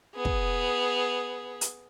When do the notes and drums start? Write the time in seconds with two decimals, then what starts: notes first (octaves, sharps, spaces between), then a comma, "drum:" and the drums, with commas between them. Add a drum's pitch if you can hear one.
0.16 B3 G#4
0.25 drum: kick
1.61 drum: hi-hat